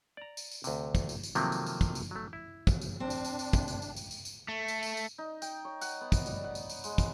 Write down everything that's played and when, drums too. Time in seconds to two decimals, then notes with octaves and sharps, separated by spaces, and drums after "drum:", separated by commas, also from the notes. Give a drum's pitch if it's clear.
0.17 D5 A#5
0.37 drum: tambourine
0.52 drum: tambourine
0.64 D2 C3, drum: tambourine
0.95 drum: kick, tambourine
1.09 drum: tambourine
1.23 drum: tambourine
1.35 C3 D#3 F3 F#3 A3 A#3, drum: tambourine
1.52 drum: tambourine
1.66 drum: tambourine
1.81 drum: kick, tambourine
1.95 drum: tambourine
2.11 F#3 A3
2.33 E4
2.67 drum: kick, tambourine
2.81 drum: tambourine
3.00 C4 D4
3.10 drum: tambourine
3.25 drum: tambourine
3.39 drum: tambourine
3.53 drum: kick, tambourine
3.68 drum: tambourine
3.82 drum: tambourine
3.96 drum: tambourine
4.11 drum: tambourine
4.25 drum: tambourine
4.48 A3
4.68 drum: tambourine
4.83 drum: tambourine
4.97 drum: tambourine
5.18 D#4
5.42 G5, drum: tambourine
5.65 C#5
5.81 F#5, drum: tambourine
6.01 B3
6.12 drum: kick, tambourine
6.26 G3, drum: tambourine
6.44 F#5
6.55 drum: tambourine
6.70 drum: tambourine
6.84 G#3, drum: tambourine
6.98 drum: kick, tambourine